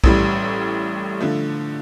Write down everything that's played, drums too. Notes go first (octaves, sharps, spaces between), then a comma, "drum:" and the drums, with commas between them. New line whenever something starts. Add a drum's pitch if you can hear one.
A1 A2 G3, drum: kick B1
D3 F3 A3